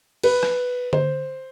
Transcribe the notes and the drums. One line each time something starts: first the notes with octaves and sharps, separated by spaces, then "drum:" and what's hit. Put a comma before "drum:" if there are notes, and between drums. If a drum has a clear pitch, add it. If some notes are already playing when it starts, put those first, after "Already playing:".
B4, drum: cymbal
drum: rim click
C5, drum: tom D3